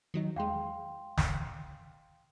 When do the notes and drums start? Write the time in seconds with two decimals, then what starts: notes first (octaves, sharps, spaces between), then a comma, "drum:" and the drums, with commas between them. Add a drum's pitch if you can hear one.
0.14 D#3 F#3 D#4
0.36 E2 G#3 F5 G5 C6
1.18 drum: snare